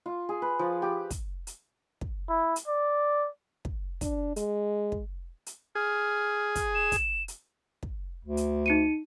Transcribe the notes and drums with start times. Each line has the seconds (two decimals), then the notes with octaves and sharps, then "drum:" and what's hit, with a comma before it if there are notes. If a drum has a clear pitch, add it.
0.06 F4
0.29 G#4
0.42 B4
0.59 F3
0.82 G4
1.10 drum: kick, hi-hat
1.47 drum: hi-hat
2.01 drum: kick
2.29 E4
2.56 drum: hi-hat
2.68 D5
3.65 drum: kick
4.01 D4, drum: kick, hi-hat
4.36 G#3, drum: hi-hat
4.92 drum: kick
5.46 drum: hi-hat
5.75 G#4 F6
6.55 drum: kick, hi-hat
6.75 E7
6.92 drum: kick, hi-hat
7.28 drum: hi-hat
7.83 drum: kick
8.25 D2
8.37 drum: hi-hat
8.66 D#4 C#7 D#7